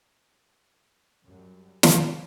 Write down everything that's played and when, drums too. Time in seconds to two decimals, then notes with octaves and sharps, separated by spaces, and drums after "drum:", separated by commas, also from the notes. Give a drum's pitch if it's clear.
1.25 F#2 F#3 G3
1.83 C#2 F#2, drum: snare